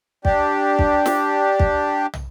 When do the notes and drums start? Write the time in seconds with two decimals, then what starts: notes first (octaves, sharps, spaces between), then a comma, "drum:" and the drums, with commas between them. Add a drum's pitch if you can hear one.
0.25 D4 G4, drum: kick
0.79 drum: kick
1.06 drum: snare
1.60 drum: kick
2.13 drum: tom